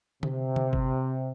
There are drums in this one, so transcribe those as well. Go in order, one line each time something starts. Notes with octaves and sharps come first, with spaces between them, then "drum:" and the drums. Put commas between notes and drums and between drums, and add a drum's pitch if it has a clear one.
C3, drum: tom D3
drum: tom D3
drum: kick G1